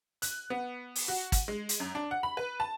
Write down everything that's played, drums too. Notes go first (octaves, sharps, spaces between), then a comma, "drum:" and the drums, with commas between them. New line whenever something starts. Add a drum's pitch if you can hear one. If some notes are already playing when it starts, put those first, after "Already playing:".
F#6, drum: hi-hat
B3
drum: open hi-hat
F#4
drum: kick, hi-hat
G#3
drum: hi-hat
F#2
D4
F#5
B5
B4
A5